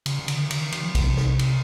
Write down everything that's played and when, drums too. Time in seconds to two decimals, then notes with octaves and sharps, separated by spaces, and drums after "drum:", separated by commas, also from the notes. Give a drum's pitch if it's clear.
0.06 C#3, drum: cymbal
0.19 C#3
0.28 D3, drum: cymbal
0.51 D3, drum: cymbal
0.61 D#3
0.72 D#3, drum: cymbal
0.83 F3
0.95 C3, drum: kick B1, cymbal
1.17 drum: snare
1.39 drum: cymbal